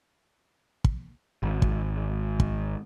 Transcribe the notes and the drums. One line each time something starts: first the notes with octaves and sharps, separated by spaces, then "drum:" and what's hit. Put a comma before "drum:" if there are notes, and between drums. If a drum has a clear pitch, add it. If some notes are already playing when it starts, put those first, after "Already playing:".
drum: kick
G#1
drum: kick
drum: kick